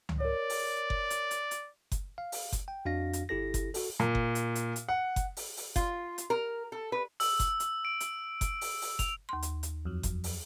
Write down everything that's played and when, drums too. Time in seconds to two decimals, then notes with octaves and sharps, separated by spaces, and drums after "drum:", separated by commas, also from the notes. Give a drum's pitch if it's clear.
0.09 drum: tom C#2
0.20 A#4 C#5 D5
0.50 drum: open hi-hat
0.90 drum: kick F#1
1.10 drum: hi-hat
1.31 drum: hi-hat
1.51 drum: hi-hat
1.92 drum: kick F#1, hi-hat
2.18 F5
2.32 drum: open hi-hat
2.52 drum: kick F#1, hi-hat
2.68 G5
2.85 F2 D4 F#4 F5 A#6
3.13 drum: hi-hat
3.29 G1 E4 G4 A4 A#6
3.54 drum: kick F#1, hi-hat
3.74 F#4 A4, drum: open hi-hat
4.00 A#2
4.15 drum: kick F#1
4.35 drum: hi-hat
4.55 drum: hi-hat
4.76 drum: hi-hat
4.89 F#5
5.16 drum: kick F#1, hi-hat
5.37 drum: open hi-hat
5.57 drum: open hi-hat
5.76 F4, drum: kick F#1, hi-hat
6.18 drum: hi-hat
6.30 A#4
6.72 A4
6.92 B4
7.20 E6, drum: open hi-hat
7.40 drum: kick F#1, hi-hat
7.60 drum: hi-hat
7.85 D7
8.00 drum: hi-hat
8.41 drum: kick F#1, hi-hat
8.61 drum: open hi-hat
8.82 drum: open hi-hat
8.99 F7, drum: kick F#1, hi-hat
9.29 D#2 C6
9.42 drum: hi-hat
9.63 drum: hi-hat
9.85 F2 F#3
10.03 drum: kick F#1, hi-hat
10.24 drum: open hi-hat